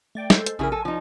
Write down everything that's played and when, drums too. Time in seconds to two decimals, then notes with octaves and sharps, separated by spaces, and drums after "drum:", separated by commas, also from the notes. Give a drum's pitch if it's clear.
0.15 A3 D5 G5
0.30 G#3 A4 C5, drum: snare
0.46 drum: hi-hat
0.59 A#1 C#3 E4 G#4 A#4
0.72 A4 G#5
0.85 F3 D#4